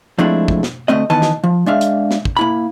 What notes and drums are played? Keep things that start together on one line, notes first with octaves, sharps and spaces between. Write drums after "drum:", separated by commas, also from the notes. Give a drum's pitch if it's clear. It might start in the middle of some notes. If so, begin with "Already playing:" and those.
F3 G#3 A3 C4 D4 E4
drum: kick
drum: snare
D2 A3 C4 D#5
D#3 E3 B3 D#5 A5
drum: snare
F3
G#3 D4 E5 F5
drum: hi-hat
drum: snare
drum: kick
A#3 E4 B5